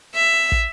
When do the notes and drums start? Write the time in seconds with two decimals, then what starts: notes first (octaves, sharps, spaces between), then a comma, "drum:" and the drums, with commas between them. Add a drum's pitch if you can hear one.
0.15 E5
0.52 drum: kick